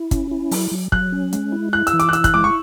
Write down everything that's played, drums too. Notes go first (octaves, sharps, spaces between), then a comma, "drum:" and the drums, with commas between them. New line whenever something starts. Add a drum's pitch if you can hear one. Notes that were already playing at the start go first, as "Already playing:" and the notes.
Already playing: E4
C#4, drum: kick, hi-hat
E4
F#3, drum: open hi-hat
F#3
F#3 F#6, drum: kick
C#4
G#3, drum: hi-hat
E4
E4 F#6
E6, drum: hi-hat
E3
D6, drum: hi-hat
F#6
E4 E6, drum: hi-hat
F#6, drum: kick, hi-hat
G#3 D6
C#6